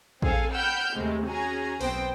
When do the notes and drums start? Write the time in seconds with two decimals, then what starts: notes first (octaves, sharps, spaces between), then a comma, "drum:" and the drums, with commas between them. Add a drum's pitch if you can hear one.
0.22 C4 G#4 A4 F5 G#5, drum: kick A#1
0.52 F#5 G5 B5 E6 F6 G6
0.94 D#2 C3 G#3 A3
1.27 C#4 F#4 G#4 G#5 A#5
1.81 B1 B3 C4 C5 G5, drum: open hi-hat